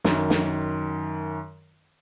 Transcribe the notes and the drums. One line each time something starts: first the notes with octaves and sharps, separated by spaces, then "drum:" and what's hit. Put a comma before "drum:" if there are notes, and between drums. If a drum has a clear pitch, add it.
F#2 D#3, drum: snare
drum: snare